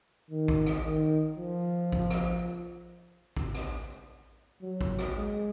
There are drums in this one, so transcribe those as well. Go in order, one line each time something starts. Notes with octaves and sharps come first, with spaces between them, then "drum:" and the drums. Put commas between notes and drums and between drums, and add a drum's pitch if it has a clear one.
D#3
drum: kick A1
drum: rim click
D#3
F3
drum: kick A1
drum: rim click
drum: kick A1
drum: rim click
F#3
drum: kick A1
drum: rim click
G#3